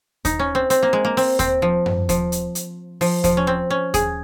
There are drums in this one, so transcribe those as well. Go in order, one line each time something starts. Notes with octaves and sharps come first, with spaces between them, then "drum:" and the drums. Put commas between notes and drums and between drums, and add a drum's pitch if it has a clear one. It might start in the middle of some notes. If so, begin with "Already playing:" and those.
D#4, drum: kick D#2, hi-hat
C#4
C4
C4, drum: hi-hat
A#3
G#3
A#3
C4, drum: open hi-hat
C4, drum: kick D#2, hi-hat
F3
drum: tom F#2
F3, drum: kick D#2, hi-hat
drum: hi-hat
drum: hi-hat
F3, drum: open hi-hat
F3, drum: kick D#2, hi-hat
C#4
C4
C#4
G#4, drum: kick D#2, hi-hat